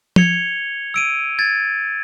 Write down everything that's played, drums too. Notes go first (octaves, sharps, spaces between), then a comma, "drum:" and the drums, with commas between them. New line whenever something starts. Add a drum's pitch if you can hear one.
G#6 C#7 F7 G7, drum: tom
E6 D7 D#7
G#6 A6